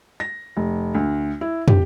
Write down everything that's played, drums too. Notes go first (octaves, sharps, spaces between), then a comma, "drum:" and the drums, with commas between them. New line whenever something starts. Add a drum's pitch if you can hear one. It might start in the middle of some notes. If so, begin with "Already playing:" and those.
A#6
F1
D2
E4
G4, drum: tom